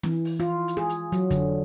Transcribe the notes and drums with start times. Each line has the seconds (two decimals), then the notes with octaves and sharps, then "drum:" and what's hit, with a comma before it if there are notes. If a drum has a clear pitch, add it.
0.03 E3, drum: snare C4
0.25 drum: open hi-hat
0.40 F4
0.68 drum: hi-hat
0.77 G#4
0.89 drum: hi-hat
1.12 F#3, drum: hi-hat
1.31 D3, drum: kick F2, hi-hat